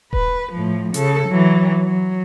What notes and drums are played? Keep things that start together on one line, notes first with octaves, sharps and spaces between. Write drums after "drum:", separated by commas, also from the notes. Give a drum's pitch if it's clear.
B4, drum: kick D#1
A2 F3
C#3 A4, drum: hi-hat
E3 F#3
F#3